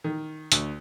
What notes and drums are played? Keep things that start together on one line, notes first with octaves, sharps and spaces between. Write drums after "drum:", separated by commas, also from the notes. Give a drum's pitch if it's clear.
D#3
D2, drum: hi-hat